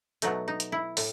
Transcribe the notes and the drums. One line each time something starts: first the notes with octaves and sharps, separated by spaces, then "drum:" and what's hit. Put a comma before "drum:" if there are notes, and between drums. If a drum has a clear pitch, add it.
B2 F#3 A3 D#4, drum: hi-hat
D#4
drum: hi-hat
E4
A2, drum: open hi-hat